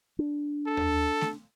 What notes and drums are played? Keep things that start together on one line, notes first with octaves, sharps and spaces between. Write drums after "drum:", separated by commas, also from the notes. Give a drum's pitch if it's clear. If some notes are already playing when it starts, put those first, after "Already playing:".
D4
A4
drum: tom D#2
drum: snare A3